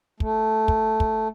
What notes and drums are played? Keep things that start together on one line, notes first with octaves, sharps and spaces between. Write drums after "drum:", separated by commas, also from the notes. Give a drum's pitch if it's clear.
A3, drum: kick
drum: kick
drum: kick